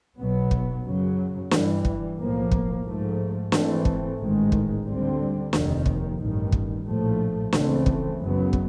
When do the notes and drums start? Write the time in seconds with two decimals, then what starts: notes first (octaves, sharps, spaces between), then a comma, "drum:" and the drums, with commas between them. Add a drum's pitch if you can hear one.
0.18 B1 B2 F#3 B3
0.51 drum: kick
0.85 F#2 C#3 F#3
1.51 G2 E3 G3, drum: snare
1.85 drum: kick
2.18 B1 A2 F3 A#3
2.51 drum: kick
2.85 G#2 F3 A3
3.52 G#2 E3 A3 C4, drum: snare
3.85 drum: kick
4.19 A1 G#2 D#3 G#3
4.52 drum: kick
4.85 D2 D3 G3 C4
5.53 F1 D#2 D#3, drum: snare
5.86 drum: kick
6.19 A1 G2 D#3
6.52 drum: kick
6.86 A#1 A2 F3 A3
7.53 C#2 C#3 E3 A3 C4, drum: snare
7.86 drum: kick
8.19 F#1 F#2 C#3 F#3 B3
8.53 drum: kick